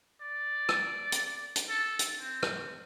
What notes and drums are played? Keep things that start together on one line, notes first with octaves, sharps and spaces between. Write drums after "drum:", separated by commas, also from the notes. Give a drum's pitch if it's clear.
D5
drum: rim click
drum: hi-hat
drum: hi-hat
A4
drum: hi-hat
C4
drum: rim click